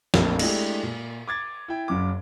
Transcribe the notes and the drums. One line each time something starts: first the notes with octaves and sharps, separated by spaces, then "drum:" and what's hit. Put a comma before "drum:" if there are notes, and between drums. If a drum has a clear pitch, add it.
F1 A#1 A3 A#3, drum: snare
G#3 A3 D4 E4 G4, drum: cymbal
A#2
D6 G#6 A6
E4 G5
F#1 F#2 D6